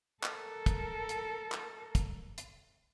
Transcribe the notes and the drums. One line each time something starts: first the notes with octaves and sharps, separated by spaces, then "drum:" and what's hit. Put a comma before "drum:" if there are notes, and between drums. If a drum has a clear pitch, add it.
A4 A#4, drum: clap
drum: kick, hi-hat
drum: hi-hat
drum: clap
drum: kick, hi-hat
drum: hi-hat